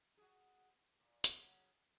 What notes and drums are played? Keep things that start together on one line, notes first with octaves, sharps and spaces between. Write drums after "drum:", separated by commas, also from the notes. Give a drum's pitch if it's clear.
F#4 G#4
A#2
C#3 F#3, drum: hi-hat